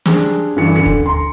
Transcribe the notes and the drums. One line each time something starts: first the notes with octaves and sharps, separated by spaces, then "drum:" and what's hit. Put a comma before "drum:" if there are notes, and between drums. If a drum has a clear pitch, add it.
D4 G4 G#4 C5, drum: snare
G2 D3 E3 C#7
D3 C#7
drum: kick
A#5 C6